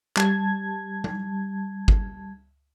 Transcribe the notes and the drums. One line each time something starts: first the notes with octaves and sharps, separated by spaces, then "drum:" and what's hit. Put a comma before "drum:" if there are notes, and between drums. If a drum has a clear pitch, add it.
G3 A5 G#6, drum: clap
drum: tom G3
drum: kick